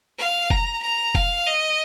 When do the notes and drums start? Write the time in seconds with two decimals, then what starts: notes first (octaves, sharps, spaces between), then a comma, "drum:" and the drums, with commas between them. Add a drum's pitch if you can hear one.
0.18 F5
0.50 A#5, drum: kick F1
0.82 A#5
1.15 F5, drum: kick F1
1.46 D#5